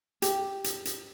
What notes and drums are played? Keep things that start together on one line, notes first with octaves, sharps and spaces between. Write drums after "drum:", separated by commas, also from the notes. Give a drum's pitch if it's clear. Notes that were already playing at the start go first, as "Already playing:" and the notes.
G4, drum: hi-hat
drum: hi-hat
drum: hi-hat